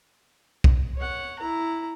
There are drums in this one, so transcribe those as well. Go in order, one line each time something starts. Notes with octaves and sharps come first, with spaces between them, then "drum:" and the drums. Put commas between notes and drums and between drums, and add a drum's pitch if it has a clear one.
drum: kick
C#5 F#5
E4 A#5